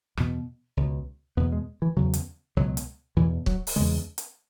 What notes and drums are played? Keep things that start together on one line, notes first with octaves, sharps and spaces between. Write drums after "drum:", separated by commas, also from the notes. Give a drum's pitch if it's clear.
E2 B2, drum: rim click
C#2 B2
E2 B2 B3
G#3
E3
E2 C#3 F#3
drum: hi-hat
C#2 B2 F#3
drum: hi-hat
E2 B2 E3
F#3, drum: kick
drum: open hi-hat
E2 C#3 G#3
drum: hi-hat